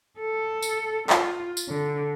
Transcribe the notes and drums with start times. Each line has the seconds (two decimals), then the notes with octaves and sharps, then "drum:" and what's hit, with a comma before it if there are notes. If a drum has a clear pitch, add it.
0.19 A4
0.62 drum: tambourine
1.10 F4, drum: clap
1.57 drum: tambourine
1.69 D3